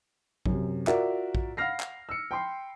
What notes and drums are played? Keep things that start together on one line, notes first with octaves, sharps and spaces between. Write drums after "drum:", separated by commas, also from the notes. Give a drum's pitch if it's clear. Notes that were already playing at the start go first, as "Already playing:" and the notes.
F#2 C3, drum: kick A#1
F4 F#4 A#4 D5 E5, drum: clap
drum: kick A#1
F5 F#5 B5 F6 A#6 C7
drum: clap
E6 C#7
G5 B5 C6 C7